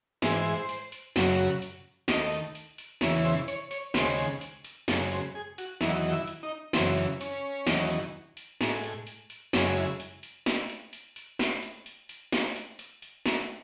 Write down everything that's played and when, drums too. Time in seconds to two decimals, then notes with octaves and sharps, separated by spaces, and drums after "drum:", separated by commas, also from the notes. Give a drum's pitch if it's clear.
0.22 G#2 E3 G#3 C5, drum: snare
0.46 drum: hi-hat
0.69 drum: hi-hat
0.92 drum: hi-hat
1.16 F#2 C#3 F#3, drum: snare
1.39 drum: hi-hat
1.62 drum: hi-hat
2.08 D#2 D#3 A3 D#5, drum: snare
2.32 drum: hi-hat
2.55 drum: hi-hat
2.78 drum: hi-hat
3.01 E2 C#3 E3 C#5, drum: snare
3.25 C5, drum: hi-hat
3.48 C#5, drum: hi-hat
3.71 C#5, drum: hi-hat
3.94 D#2 C#3 G#3 C5, drum: snare
4.18 drum: hi-hat
4.41 drum: hi-hat
4.65 drum: hi-hat
4.88 F#2 C#3 G#3 A4, drum: snare
5.12 C5, drum: hi-hat
5.35 G#4
5.58 F#4, drum: hi-hat
5.81 E2 D#3 F#3 E4, drum: snare
6.12 E4
6.27 drum: hi-hat
6.43 D#4
6.73 F#2 C#3 E3 C4, drum: snare
6.97 drum: hi-hat
7.21 C#4, drum: hi-hat
7.67 E2 D#3 F#3, drum: snare
7.90 drum: hi-hat
8.37 drum: hi-hat
8.61 A2 G#3, drum: snare
8.83 drum: hi-hat
9.07 drum: hi-hat
9.30 drum: hi-hat
9.53 F#2 C#3 G#3 C#4, drum: snare
9.77 E4, drum: hi-hat
10.00 drum: hi-hat
10.23 drum: hi-hat
10.46 drum: snare
10.70 drum: hi-hat
10.93 drum: hi-hat
11.16 drum: hi-hat
11.39 drum: snare
11.63 drum: hi-hat
11.86 drum: hi-hat
12.09 drum: hi-hat
12.32 drum: snare
12.56 drum: hi-hat
12.79 drum: hi-hat
13.02 drum: hi-hat
13.26 drum: snare